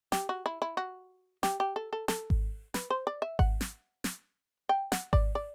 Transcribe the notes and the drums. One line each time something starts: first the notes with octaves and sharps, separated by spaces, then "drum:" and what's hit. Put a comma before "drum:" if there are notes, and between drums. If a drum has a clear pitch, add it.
G4, drum: snare
F#4
E4
E4
F#4
G4, drum: snare
G4
A4
A4
A4, drum: snare
drum: kick G#1
B4, drum: snare
C5
D5
E5
F#5, drum: kick G#1
drum: snare
drum: snare
G5
F#5, drum: snare
D5, drum: kick G#1
D5